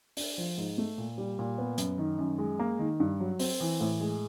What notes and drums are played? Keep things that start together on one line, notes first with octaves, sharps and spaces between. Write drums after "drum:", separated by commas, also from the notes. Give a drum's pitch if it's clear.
D4, drum: open hi-hat
F3
G#2
A3
A#2
G3
A#2
B3
F#2, drum: hi-hat
D#3
F#2
G#3
A#3
D#3
G2
F#3
C4, drum: open hi-hat
E3
A2
G#3